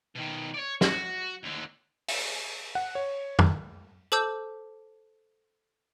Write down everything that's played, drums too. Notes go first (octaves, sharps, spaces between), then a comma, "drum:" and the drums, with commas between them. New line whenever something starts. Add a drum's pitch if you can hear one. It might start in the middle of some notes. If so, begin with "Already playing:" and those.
B2 D#3
C#5 D5
F#4, drum: snare
D#2 D3
drum: open hi-hat
F#5
C#5
drum: tom F2
A4 C5 A5 D6 E6 G6